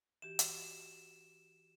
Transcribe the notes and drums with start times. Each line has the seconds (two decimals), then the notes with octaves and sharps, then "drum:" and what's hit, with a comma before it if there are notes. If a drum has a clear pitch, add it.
0.22 E3 F#4 G4 E7
0.39 drum: hi-hat